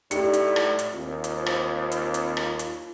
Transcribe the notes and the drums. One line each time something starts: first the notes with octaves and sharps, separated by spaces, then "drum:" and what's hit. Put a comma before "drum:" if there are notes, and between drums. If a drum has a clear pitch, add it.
A2 D#4 G4 D5 C#7, drum: hi-hat
drum: hi-hat
drum: rim click
drum: hi-hat
D#2 C4 F4
drum: hi-hat
drum: rim click
drum: hi-hat
drum: hi-hat
drum: rim click
drum: hi-hat